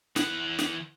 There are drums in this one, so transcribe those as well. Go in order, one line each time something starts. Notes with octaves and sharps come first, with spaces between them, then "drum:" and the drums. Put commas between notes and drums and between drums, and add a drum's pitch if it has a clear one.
E3 F#5, drum: snare
drum: snare